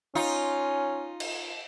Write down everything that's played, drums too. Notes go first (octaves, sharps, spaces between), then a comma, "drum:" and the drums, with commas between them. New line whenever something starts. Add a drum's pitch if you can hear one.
C#4 D#4 F4
drum: cymbal